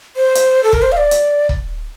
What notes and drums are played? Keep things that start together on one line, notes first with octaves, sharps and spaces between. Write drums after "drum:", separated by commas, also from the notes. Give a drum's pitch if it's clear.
C5
drum: hi-hat
A4
A#4, drum: kick
C5
F5
D5
drum: hi-hat
drum: kick